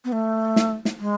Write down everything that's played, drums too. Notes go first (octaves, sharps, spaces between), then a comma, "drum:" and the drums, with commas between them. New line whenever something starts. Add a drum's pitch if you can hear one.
B3
A3
drum: snare
drum: snare
G#3